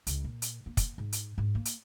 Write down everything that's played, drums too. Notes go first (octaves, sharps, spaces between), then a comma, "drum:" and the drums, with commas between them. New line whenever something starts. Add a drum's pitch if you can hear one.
C#2, drum: hi-hat
A#2
drum: hi-hat
A#3
drum: kick, hi-hat
G#2
drum: hi-hat
G#2
A#3
drum: hi-hat